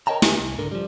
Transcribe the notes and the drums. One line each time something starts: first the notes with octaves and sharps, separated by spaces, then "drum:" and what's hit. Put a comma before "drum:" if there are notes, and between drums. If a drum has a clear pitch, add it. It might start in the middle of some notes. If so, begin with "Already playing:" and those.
A#4 C#5 D#5 G5 A5 A#5
D#2 D3 D#4 G4 E5 G#5, drum: snare
C2
C#2 G#2 D3 A#4
F3 G3